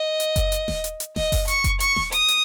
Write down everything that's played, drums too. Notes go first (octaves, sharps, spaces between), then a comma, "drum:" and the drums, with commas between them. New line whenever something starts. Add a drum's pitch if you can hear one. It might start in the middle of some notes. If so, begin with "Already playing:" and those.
Already playing: D#5
drum: hi-hat
drum: kick F#1, hi-hat
drum: hi-hat
drum: snare D#1
drum: hi-hat
drum: hi-hat
D#5, drum: snare D#1
drum: kick F#1, open hi-hat
C#6, drum: hi-hat
drum: kick F#1, hi-hat
C#6, drum: hi-hat
drum: snare D#1
D#6, drum: hi-hat
drum: hi-hat